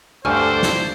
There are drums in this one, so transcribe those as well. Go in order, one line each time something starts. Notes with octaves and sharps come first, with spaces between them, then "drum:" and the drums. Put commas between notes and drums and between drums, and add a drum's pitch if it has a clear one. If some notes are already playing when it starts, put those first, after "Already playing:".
D2 G2 D4 A4 C5 G#5 C#6 F6
drum: snare